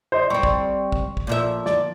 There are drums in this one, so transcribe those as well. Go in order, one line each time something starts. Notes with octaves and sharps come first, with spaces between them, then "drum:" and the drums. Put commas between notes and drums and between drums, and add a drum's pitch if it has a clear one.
C5 D5 D#5
G3 C4 C#6
drum: kick
drum: kick
drum: kick
A#2 F3 E5
D5, drum: snare